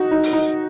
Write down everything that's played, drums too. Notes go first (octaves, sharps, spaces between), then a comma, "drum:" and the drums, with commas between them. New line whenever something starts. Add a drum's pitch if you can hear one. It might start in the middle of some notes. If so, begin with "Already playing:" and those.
Already playing: D#4 F#4
D#4
drum: open hi-hat
D#4